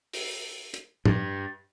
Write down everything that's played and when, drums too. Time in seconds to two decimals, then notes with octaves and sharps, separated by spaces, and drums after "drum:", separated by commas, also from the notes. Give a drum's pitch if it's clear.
0.13 drum: open hi-hat
0.74 drum: hi-hat
1.05 G2, drum: tom